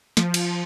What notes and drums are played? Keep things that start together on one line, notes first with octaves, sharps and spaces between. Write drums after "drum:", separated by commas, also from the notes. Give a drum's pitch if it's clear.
F3, drum: snare
drum: cymbal